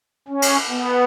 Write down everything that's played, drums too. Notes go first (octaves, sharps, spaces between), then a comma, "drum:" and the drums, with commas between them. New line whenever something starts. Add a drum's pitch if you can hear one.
C#4
drum: cymbal
B3